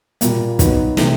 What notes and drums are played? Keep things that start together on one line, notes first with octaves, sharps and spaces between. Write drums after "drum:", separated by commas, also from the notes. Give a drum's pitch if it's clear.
A#2 G3 A#3, drum: hi-hat
F#3 B3 D#4 F#4, drum: kick, hi-hat
C3 E3 A3 C#4, drum: snare